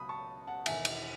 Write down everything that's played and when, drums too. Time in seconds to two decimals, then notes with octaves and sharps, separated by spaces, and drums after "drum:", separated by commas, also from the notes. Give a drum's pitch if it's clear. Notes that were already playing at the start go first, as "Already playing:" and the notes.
Already playing: C#2 B2 F#3 B5 D#6
0.09 A5 C#6
0.47 F#5 A5
0.66 E1 E2 D#3 E5 G#5, drum: cymbal
0.85 drum: cymbal